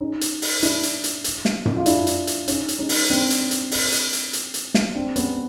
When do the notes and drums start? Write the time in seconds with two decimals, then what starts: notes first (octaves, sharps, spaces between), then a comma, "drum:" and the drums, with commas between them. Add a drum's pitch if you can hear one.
0.01 C#4 D#4
0.21 drum: hi-hat
0.42 drum: open hi-hat
0.62 D4 E4, drum: hi-hat
0.83 drum: hi-hat
1.04 drum: hi-hat
1.24 drum: hi-hat
1.45 drum: snare
1.65 drum: tom F#2
1.76 F4
1.86 D4 E4, drum: hi-hat
2.07 drum: hi-hat
2.27 drum: hi-hat
2.48 C#4 D#4, drum: hi-hat
2.68 drum: hi-hat
2.78 C#4 D#4
2.89 drum: open hi-hat
3.10 C4 D4
3.30 drum: hi-hat
3.51 drum: hi-hat
3.71 drum: open hi-hat
3.92 drum: hi-hat
4.13 drum: hi-hat
4.33 drum: hi-hat
4.54 drum: hi-hat
4.74 drum: snare
4.95 C4 D4
5.16 B3 C#4, drum: hi-hat